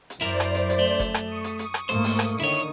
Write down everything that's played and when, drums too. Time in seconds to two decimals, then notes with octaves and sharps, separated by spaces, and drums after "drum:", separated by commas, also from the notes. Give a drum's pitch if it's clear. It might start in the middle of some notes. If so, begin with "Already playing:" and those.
0.10 drum: hi-hat
0.21 F#2 E4 A#4 C5 D5
0.40 drum: rim click
0.55 drum: hi-hat
0.70 drum: hi-hat
0.79 A3
0.99 drum: kick F#1, hi-hat
1.14 drum: rim click
1.26 C#6 D#6
1.44 drum: hi-hat
1.59 drum: hi-hat
1.74 drum: rim click
1.89 G#2 A3 A#3 C5, drum: hi-hat
2.04 drum: open hi-hat
2.19 drum: rim click
2.40 D3 D#3 E4 C#5